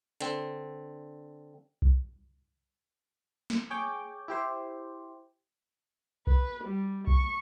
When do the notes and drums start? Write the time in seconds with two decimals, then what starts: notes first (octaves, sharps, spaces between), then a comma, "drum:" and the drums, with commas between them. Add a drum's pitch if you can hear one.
0.20 D3 C4, drum: hi-hat
1.82 drum: kick B1
3.50 drum: snare
3.70 G#4 C#5 G5 D6
4.28 E4 G4 C5
6.27 B4, drum: kick B1
6.64 G3
7.07 C#6, drum: kick B1